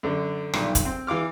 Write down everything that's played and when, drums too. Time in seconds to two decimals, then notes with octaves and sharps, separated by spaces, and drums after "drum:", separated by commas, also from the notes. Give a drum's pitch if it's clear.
0.03 F#2 D3
0.54 B1 G2 A#2 D#3, drum: rim click
0.75 drum: kick, hi-hat
0.85 C4
1.07 E3 F5 D6 F6